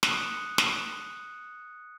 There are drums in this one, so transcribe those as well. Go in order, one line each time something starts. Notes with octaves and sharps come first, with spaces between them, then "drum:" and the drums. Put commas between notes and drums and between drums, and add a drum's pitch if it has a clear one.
D#6 F#6 C#7 D#7, drum: snare
drum: snare